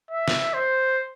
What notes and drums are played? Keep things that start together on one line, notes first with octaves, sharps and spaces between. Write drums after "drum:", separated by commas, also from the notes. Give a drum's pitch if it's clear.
E5
drum: snare
C5